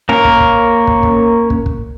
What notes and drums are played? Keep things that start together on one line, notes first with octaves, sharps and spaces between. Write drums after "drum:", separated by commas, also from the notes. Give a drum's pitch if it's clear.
A#3 C#4 A#4
drum: kick
drum: kick
drum: kick
drum: kick
drum: kick
drum: kick